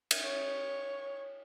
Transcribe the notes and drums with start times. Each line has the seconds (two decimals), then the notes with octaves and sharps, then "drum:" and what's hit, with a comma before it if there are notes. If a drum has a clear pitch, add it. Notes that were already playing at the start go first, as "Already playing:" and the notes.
0.11 drum: cymbal
0.23 C#5